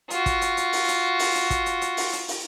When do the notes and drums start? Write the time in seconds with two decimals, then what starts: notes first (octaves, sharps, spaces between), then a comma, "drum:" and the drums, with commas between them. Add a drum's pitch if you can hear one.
0.10 F4 F#4, drum: hi-hat
0.26 drum: kick, hi-hat
0.41 drum: hi-hat
0.57 drum: hi-hat
0.73 drum: open hi-hat
0.88 drum: hi-hat
1.19 drum: open hi-hat
1.35 drum: hi-hat
1.50 drum: kick, hi-hat
1.66 drum: hi-hat
1.81 drum: hi-hat
1.97 drum: open hi-hat
2.13 drum: hi-hat
2.28 drum: open hi-hat